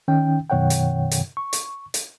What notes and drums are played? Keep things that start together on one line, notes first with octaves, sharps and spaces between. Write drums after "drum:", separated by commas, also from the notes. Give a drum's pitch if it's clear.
D#3 C#4 D#4 G5
F#2 B2 D#3 C#5 F#5 G5
drum: hi-hat
drum: hi-hat
C#6
drum: hi-hat
drum: hi-hat